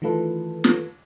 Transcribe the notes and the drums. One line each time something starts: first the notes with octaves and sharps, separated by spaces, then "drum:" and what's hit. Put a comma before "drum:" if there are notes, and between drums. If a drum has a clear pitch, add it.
D#3 E3 A3 F4 A4 B4
drum: snare